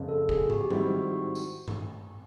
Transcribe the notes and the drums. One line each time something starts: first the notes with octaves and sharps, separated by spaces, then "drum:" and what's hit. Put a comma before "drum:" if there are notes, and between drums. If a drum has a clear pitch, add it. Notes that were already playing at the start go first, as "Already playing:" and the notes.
Already playing: F#1 F2 C#3
A4
G#4, drum: kick
F#4, drum: tom
G4
G#2 D#3 G3 C4 E4 F#4, drum: tom F3
F#4
F#4
drum: tambourine
drum: tom G2